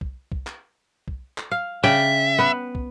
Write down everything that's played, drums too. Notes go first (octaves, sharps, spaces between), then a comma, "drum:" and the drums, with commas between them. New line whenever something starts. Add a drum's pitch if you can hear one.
drum: kick
drum: kick
drum: clap
drum: kick
drum: clap
F5
C#3 D5 E5 G5
B3 B4
drum: kick